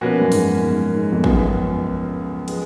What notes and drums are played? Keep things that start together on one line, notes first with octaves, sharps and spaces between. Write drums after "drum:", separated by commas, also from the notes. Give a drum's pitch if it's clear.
B2 F3 A#3 C#4 F#4 B4
F#2
G#2, drum: open hi-hat
G#2
G#2
F2
C#2 F#2 C#3 F3 B3 F4, drum: kick A1
F3 G#3 B3, drum: cymbal